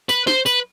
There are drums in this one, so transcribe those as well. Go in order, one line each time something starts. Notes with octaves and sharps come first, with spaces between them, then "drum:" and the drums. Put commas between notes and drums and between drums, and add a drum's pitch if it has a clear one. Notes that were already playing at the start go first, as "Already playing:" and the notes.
B4, drum: tambourine
C5, drum: snare
B4, drum: tambourine